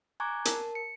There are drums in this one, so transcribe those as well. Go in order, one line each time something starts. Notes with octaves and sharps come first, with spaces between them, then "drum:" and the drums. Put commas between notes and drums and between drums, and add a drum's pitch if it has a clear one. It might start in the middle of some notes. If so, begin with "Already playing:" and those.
G#5 A#5 C#6 D6 F#6 G#6
A#4 A5, drum: hi-hat
C#7